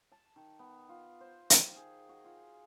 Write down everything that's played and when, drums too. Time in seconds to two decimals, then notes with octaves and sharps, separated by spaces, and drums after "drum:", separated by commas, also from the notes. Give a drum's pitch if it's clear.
0.12 A5
0.36 D#3
0.59 B3
0.89 F4
1.21 C5
1.50 D#3, drum: hi-hat
1.76 G#4
2.09 F#4
2.25 F4